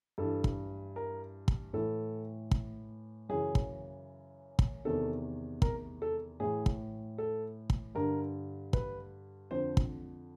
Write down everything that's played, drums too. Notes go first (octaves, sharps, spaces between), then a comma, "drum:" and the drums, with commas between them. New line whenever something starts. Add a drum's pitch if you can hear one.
G2 E3 A4
drum: kick
A#4
drum: kick
A2 E3 A4
drum: kick
F#2 C#3 E3 G#4
drum: kick
drum: kick
E2 C3 D#3 A4
A#4, drum: kick
A4
A2 E3 G#4
drum: kick
A4
drum: kick
G2 D3 A#4
B4, drum: kick
F2 D3 C5
drum: kick